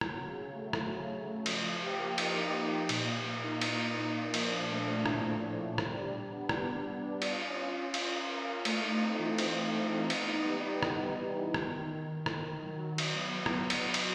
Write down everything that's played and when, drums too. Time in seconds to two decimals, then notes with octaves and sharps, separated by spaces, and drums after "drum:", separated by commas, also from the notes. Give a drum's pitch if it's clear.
0.01 F#3, drum: rim click
0.20 C#3
0.37 C#3
0.55 A3
0.73 F#3, drum: rim click
0.92 C#3
1.09 C#3
1.27 A3
1.46 F3, drum: cymbal
1.64 F3
1.82 G4
1.99 A#3
2.18 D#4, drum: cymbal
2.35 F3
2.53 G4
2.72 F3
2.89 A#2, drum: cymbal
3.08 A#2
3.26 A#3
3.44 D#4
3.61 D#4, drum: cymbal
3.79 D#4
3.98 A#2
4.16 A#2
4.34 F3, drum: cymbal
4.51 D4
4.70 A3
4.88 A3
5.06 A2, drum: rim click
5.23 D4
5.41 A3
5.59 D4
5.78 G3, drum: rim click
5.96 D4
6.13 D4
6.32 B3
6.49 G3, drum: rim click
6.68 D4
6.86 D4
7.03 D4
7.22 F4, drum: cymbal
7.39 C#4
7.57 F4
7.76 F4
7.94 F4, drum: cymbal
8.12 A#4
8.29 F4
8.47 F4
8.65 A3, drum: cymbal
8.84 D#4
9.02 C4
9.19 E3
9.38 C4, drum: cymbal
9.55 A3
9.74 A3
9.92 D#4
10.10 B3, drum: cymbal
10.28 D#4
10.45 G3
10.64 G3
10.83 B3, drum: rim click
11.00 D#4
11.19 E3
11.36 E3
11.54 D#3, drum: rim click
11.72 D#3
11.90 D#3
12.07 D#3
12.26 D#3, drum: rim click
12.44 D#3
12.62 F#3
12.79 F#3
12.98 F#3, drum: cymbal
13.15 B3
13.34 F#3
13.46 drum: rim click
13.70 drum: cymbal
13.94 drum: cymbal